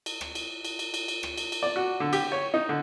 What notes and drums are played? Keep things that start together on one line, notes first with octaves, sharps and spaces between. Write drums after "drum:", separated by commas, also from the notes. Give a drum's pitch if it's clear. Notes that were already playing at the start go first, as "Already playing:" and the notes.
drum: cymbal
drum: rim click
drum: cymbal
drum: cymbal
drum: cymbal
drum: cymbal
drum: cymbal
drum: rim click
drum: cymbal
drum: cymbal
D5
F#4
D3
G4, drum: cymbal
C#5
D#4
D3